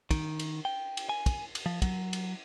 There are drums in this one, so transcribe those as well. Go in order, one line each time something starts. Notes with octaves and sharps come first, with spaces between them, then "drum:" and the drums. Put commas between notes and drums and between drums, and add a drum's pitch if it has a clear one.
D#3, drum: kick, cymbal
drum: cymbal
G5
drum: cymbal
G#5
drum: kick, cymbal
drum: cymbal
F3
F#3, drum: kick, cymbal
drum: cymbal